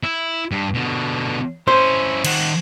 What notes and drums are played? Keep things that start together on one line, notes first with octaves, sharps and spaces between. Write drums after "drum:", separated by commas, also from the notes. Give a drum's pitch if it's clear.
E4
G2
B2 D3
C#4 E4 C5
D#3 F#5, drum: cymbal